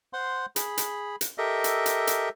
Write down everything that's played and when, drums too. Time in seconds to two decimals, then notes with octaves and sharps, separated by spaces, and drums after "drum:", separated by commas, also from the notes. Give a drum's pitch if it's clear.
0.13 C5 F#5 C6
0.56 G#4 B5, drum: hi-hat
0.78 drum: hi-hat
1.21 drum: hi-hat
1.38 G4 A4 A#4 D#5 E5
1.64 drum: hi-hat
1.86 drum: hi-hat
2.07 drum: hi-hat